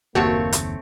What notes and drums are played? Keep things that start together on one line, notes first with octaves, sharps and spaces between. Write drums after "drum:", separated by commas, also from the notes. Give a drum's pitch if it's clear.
F#1 D#2 A3 A#3 C4 F#4 G4 C#5
drum: hi-hat